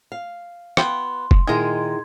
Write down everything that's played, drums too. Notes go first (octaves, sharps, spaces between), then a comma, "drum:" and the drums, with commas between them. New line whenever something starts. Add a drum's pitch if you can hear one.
F5
B3 F4 G5 C6, drum: rim click
drum: kick F1
A#2 D#3 G#3 D#4 E4 G#4 A#4 G#6